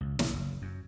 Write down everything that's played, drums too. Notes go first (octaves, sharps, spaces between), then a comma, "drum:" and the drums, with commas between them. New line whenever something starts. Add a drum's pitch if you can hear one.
C#2
A#1, drum: snare
F#1
F#2